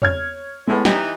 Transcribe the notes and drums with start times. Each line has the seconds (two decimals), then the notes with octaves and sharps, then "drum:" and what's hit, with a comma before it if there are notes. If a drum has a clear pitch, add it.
0.02 C#5 F6 G#6, drum: tom E2
0.67 A2 G#3 B3
0.85 E3 D#4 G4, drum: snare